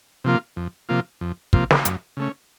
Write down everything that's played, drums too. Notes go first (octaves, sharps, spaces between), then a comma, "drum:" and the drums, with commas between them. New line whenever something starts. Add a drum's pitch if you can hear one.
C3 F3 A#3 F4
F2
C3 F3 A#3 F4
F2
C3 F3 A#3 F4, drum: kick
drum: snare
F#2, drum: hi-hat
C#3 A3 C#4